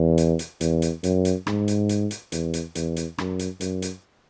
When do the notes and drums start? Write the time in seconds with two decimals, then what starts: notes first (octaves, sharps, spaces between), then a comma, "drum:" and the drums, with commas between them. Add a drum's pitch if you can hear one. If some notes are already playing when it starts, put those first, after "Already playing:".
Already playing: E2
0.18 drum: hi-hat
0.39 drum: hi-hat
0.61 E2, drum: hi-hat
0.82 drum: hi-hat
1.03 F#2, drum: hi-hat
1.25 drum: hi-hat
1.47 G#2, drum: rim click
1.68 drum: hi-hat
1.89 drum: hi-hat
2.11 drum: hi-hat
2.32 E2, drum: hi-hat
2.54 drum: hi-hat
2.75 E2, drum: hi-hat
2.96 drum: hi-hat
3.18 F#2, drum: rim click
3.39 drum: hi-hat
3.61 F#2, drum: hi-hat
3.82 drum: hi-hat